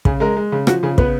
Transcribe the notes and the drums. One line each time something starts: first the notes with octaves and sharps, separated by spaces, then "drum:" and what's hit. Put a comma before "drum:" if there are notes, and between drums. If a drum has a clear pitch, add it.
C#3 G#4, drum: kick
G#3 A#4
G#3
C#3
F3 F#4, drum: rim click
C#3 G#4
B3 B4, drum: kick